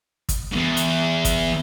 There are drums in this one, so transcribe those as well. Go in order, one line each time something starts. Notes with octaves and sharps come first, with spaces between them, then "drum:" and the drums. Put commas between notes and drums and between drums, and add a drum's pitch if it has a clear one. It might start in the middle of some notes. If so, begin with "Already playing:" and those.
drum: kick, hi-hat
E2 G#2
drum: hi-hat
drum: kick, hi-hat